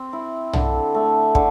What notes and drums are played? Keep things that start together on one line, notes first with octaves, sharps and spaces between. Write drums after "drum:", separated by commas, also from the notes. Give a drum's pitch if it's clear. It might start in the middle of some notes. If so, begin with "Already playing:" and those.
Already playing: C4
E4
D3, drum: tom
A3
D3, drum: kick